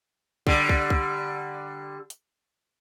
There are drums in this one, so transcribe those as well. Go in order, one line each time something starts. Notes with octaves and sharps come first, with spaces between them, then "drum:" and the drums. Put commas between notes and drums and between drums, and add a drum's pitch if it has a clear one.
D3 G3, drum: kick
drum: kick
drum: kick
drum: hi-hat